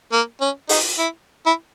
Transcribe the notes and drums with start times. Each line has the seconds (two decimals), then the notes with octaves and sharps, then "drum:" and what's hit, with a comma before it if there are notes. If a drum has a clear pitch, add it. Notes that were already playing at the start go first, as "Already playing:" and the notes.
0.12 A#3
0.41 C#4
0.69 D#4, drum: open hi-hat
0.98 E4
1.46 E4